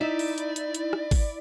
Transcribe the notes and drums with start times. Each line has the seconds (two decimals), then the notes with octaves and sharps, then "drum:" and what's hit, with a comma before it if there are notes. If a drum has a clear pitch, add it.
0.01 D#4 E4 D5
0.19 drum: open hi-hat
0.38 drum: hi-hat
0.56 drum: hi-hat
0.75 drum: hi-hat
0.93 drum: rim click
1.11 drum: kick G#1, open hi-hat